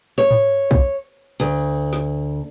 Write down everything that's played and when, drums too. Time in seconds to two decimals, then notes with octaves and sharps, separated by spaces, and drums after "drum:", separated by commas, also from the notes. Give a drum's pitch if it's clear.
0.18 C#5
0.31 drum: tom G#2
0.71 drum: kick
1.40 D2, drum: cymbal
1.93 drum: snare